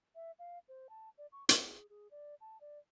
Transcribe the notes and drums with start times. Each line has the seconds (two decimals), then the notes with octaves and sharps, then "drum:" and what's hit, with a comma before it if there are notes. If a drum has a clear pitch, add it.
0.15 E5
0.39 F5
0.68 C5
0.90 A5
1.18 D5
1.32 C#6
1.49 G#4, drum: hi-hat
1.90 G#4
2.11 D5
2.41 A5
2.61 D5